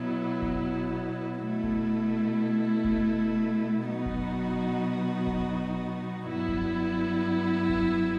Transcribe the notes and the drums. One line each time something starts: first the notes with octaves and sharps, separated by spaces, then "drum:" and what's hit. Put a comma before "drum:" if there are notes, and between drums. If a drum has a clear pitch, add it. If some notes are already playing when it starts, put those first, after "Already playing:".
Already playing: B2 F#3 B3 E4
drum: kick F1
B2 A3 E4
drum: kick F1
drum: kick F1
B2 F#3 B3 D#4 F#4
drum: kick F1
drum: kick F1
G2 F#3 B3 E4
drum: kick F1
drum: kick F1